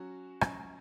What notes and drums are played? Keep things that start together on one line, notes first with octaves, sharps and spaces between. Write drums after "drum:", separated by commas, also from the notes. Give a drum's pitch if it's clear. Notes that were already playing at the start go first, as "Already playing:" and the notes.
Already playing: F#3 C#4 F#4
F#3 C#4 F#4, drum: rim click